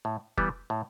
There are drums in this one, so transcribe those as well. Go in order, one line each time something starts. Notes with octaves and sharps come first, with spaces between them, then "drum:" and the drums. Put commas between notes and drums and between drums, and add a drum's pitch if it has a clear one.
A2
E3 G3 B3, drum: kick F1
A2